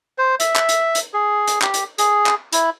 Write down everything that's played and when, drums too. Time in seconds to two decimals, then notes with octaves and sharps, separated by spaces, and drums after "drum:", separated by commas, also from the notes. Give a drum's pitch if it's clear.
0.18 C5
0.40 E5, drum: hi-hat
0.56 drum: clap
0.69 drum: hi-hat
0.95 drum: hi-hat
1.13 G#4
1.47 drum: hi-hat
1.62 G4, drum: clap
1.74 drum: hi-hat
1.98 G#4, drum: hi-hat
2.26 drum: clap
2.53 E4, drum: hi-hat